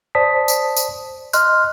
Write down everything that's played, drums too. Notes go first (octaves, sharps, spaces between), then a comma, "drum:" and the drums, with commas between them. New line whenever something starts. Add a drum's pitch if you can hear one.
C5 D5 A5 D#6 B6
drum: tambourine
drum: tambourine
D#5 C6 F6 F#6, drum: tambourine